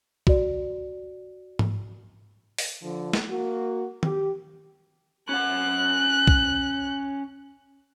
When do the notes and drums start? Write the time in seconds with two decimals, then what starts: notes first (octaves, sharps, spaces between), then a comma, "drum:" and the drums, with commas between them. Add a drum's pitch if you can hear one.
0.27 F#4 D5, drum: kick B1
1.59 drum: tom G#2
2.58 drum: open hi-hat
2.82 D3 F3
3.13 drum: snare
3.30 A#3 F#4
4.03 G4, drum: tom D#3
5.29 C#4 F#5 F#6
6.27 drum: kick B1